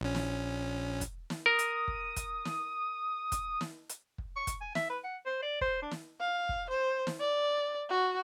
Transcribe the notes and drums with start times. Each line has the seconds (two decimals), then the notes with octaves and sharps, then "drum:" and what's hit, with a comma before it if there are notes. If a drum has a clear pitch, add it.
0.01 A#1 C#4
0.15 drum: snare
1.01 drum: kick, hi-hat
1.30 drum: snare
1.46 A#4 D#6
1.59 drum: hi-hat
1.88 drum: kick
2.16 drum: kick, hi-hat
2.45 drum: snare
3.32 drum: kick, hi-hat
3.61 drum: snare
3.90 drum: hi-hat
4.18 drum: kick
4.36 C#6
4.47 drum: kick, hi-hat
4.61 G#5
4.75 E5, drum: snare
4.89 B4
5.04 F#5
5.26 C5
5.42 D5
5.61 C5, drum: kick
5.82 D4
5.91 drum: snare
6.20 F5
6.49 drum: kick
6.70 C5
7.07 drum: snare
7.20 D5
7.90 F#4